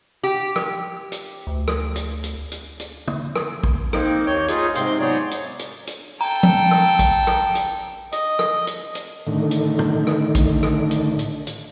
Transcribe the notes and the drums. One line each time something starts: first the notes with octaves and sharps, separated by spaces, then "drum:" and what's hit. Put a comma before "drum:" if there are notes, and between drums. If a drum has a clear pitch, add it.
G4
drum: rim click
drum: hi-hat
D2
drum: rim click
drum: hi-hat
drum: hi-hat
drum: hi-hat
drum: hi-hat
drum: tom
drum: rim click
drum: kick A#1
A#3 C4 D#4, drum: rim click
D#2 A#3 C#5 G6
D#4 F4 G#4, drum: hi-hat
G#2 C3 C4 C6, drum: hi-hat
F#3 B3 D#4 G#4 C#5 D5
drum: hi-hat
drum: hi-hat
drum: hi-hat
A4 G5 A#5
drum: tom
drum: rim click
drum: kick A#1, hi-hat
drum: rim click
drum: hi-hat
D#5, drum: hi-hat
drum: rim click
drum: hi-hat
drum: hi-hat
A2 D3 D#3
drum: hi-hat
drum: tom
drum: rim click
drum: kick A#1, hi-hat
drum: rim click
drum: hi-hat
drum: hi-hat
drum: hi-hat